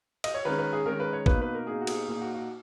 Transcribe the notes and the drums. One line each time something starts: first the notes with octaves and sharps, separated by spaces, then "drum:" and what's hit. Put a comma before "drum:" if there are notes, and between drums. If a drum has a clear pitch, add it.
D#5, drum: cymbal
C#5
D#3 G#3 C#4 B4
B4
G#4
D#3 G#3 C#4 A#4
B4
C#5
B2 A#3 D#4 B4, drum: kick
B4
A#4
B2 A#3 D#4 G#4
F#4
G#4, drum: cymbal
A#2 A#3 D#4 G#4
F#4
F#4